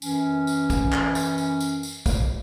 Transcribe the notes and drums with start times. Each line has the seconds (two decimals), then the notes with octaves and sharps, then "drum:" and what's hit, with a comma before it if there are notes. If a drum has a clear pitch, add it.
0.02 F#2 E3 C#4, drum: tambourine
0.47 drum: tambourine
0.70 drum: kick, tambourine
0.93 drum: clap
1.15 drum: tambourine
1.38 drum: tambourine
1.60 drum: tambourine
1.83 drum: tambourine
2.06 drum: kick, tambourine